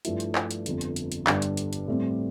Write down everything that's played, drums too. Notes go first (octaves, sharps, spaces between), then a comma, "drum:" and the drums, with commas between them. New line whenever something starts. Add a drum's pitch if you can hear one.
G2 F3 A3 E4, drum: hi-hat
drum: hi-hat
drum: clap
drum: hi-hat
G1 F2 D3, drum: hi-hat
drum: hi-hat
drum: hi-hat
drum: hi-hat
G1 G2 D3 G3 D4, drum: clap
drum: hi-hat
drum: hi-hat
drum: hi-hat
A2 G3 C4